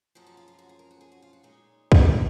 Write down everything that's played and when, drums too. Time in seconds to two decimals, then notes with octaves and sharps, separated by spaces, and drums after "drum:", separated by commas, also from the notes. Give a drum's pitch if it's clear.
0.15 F#2 F3 G#3 C#4 F#4
0.27 F#4
0.37 F4
0.48 F4
0.59 F#4
0.69 G#4
0.79 A#4
0.91 F#4
1.01 G#4
1.12 F#4
1.22 F4
1.33 F#4
1.43 A#2 G#3 D#4 C#5
1.92 drum: kick